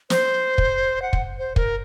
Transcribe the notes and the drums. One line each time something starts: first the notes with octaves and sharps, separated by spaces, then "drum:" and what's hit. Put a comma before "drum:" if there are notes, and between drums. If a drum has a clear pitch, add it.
C5, drum: snare
drum: kick
F#5
drum: kick
C5
A#4, drum: kick